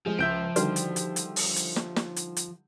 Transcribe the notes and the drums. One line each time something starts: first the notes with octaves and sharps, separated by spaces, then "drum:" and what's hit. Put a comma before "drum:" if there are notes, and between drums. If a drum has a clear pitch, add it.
F3 G#3 G#4
C#2 E5 G6 D7
D3 D#3 G3 F#4 B4 D5, drum: hi-hat
drum: hi-hat
drum: hi-hat
drum: hi-hat
drum: open hi-hat
drum: hi-hat
drum: snare
drum: snare
drum: hi-hat
drum: hi-hat